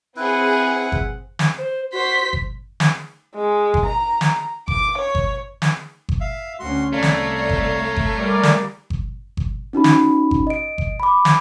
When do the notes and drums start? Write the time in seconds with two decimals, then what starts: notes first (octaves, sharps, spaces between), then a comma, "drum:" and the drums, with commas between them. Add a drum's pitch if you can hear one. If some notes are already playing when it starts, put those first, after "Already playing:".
0.16 C4 E4 G#4 B4 F#5
0.92 drum: kick G1
1.39 drum: snare
1.58 C5
1.93 F#4 C5 B6
2.33 drum: kick G1
2.80 drum: snare
3.35 G#3
3.74 drum: kick G1
3.86 A#5
4.21 drum: snare
4.68 D6, drum: kick G1
4.98 C#5
5.15 drum: kick G1
5.62 drum: snare
6.09 drum: kick G1
6.20 E5 F5
6.60 D2 C#4 F#4 C6
6.93 C2 A3 C#5 D5 F5 A#5
7.03 drum: snare
7.49 drum: kick G1
7.96 drum: kick G1
8.17 G3 A#4 D5 D6
8.43 drum: snare
8.90 drum: kick G1
9.37 drum: kick G1
9.73 C#4 D#4 F#4 B5
9.84 drum: snare
10.31 drum: kick G1
10.47 D#5 D7
10.78 drum: kick G1
11.00 B5 D6
11.25 drum: snare